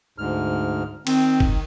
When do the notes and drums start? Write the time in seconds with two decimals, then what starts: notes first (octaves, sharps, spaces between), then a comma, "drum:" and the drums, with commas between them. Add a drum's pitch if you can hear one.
0.18 D2 G#2 F6
1.07 D#3 C4, drum: cymbal
1.40 drum: kick F#1